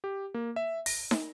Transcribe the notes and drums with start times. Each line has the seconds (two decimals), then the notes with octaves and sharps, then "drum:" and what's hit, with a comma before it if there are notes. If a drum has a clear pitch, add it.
0.04 G4
0.34 A#3
0.56 E5
0.86 A#6, drum: open hi-hat
1.11 drum: snare